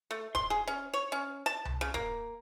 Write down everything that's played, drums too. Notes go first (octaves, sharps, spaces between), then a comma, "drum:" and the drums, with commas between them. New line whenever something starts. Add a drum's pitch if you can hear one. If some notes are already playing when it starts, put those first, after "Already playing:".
A3
C6, drum: kick D1
G#4
C#4
C#5
C#4
A5
drum: tom C2
C#3
A#3, drum: kick D1